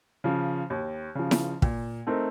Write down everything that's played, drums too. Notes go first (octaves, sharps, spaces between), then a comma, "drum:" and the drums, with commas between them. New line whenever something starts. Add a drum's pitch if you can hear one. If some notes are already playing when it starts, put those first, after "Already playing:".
C#3 F3
D#2
C#3 F3
drum: snare E4
A#2, drum: kick
A3 C4 D#4 A#4